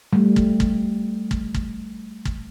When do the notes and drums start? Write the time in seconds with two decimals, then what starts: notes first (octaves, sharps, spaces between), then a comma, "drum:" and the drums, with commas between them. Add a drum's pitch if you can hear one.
0.13 G3 A3
0.36 drum: kick
0.60 drum: kick
1.31 drum: kick
1.54 drum: kick
2.25 drum: kick